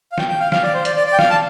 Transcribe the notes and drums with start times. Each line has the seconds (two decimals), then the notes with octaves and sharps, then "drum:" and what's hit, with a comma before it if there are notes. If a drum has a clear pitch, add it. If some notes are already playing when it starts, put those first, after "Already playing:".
0.12 F5
0.18 G5, drum: snare
0.29 G5
0.40 F5
0.52 F5, drum: snare
0.63 D5
0.74 C5
0.85 D5, drum: hi-hat
0.96 D5
1.07 D5
1.12 G5
1.19 F5, drum: snare
1.30 A5